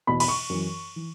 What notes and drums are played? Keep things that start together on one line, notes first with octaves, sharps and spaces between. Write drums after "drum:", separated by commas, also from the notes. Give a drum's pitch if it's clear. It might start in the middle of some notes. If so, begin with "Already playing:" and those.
E2 B2 B5
B5, drum: cymbal
C#6
F#2 E3
E3